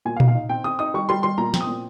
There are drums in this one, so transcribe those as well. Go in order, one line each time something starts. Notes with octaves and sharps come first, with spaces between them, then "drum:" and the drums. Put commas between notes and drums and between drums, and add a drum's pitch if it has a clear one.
A#2 G#5
F5
D#4, drum: tom A#2
F5
D#4
C4 G5
C4 D#6
D#4 D#6
G3 C#6
G3 C6
G3 C6
A#2 A#5
C4, drum: snare
D#6
A#2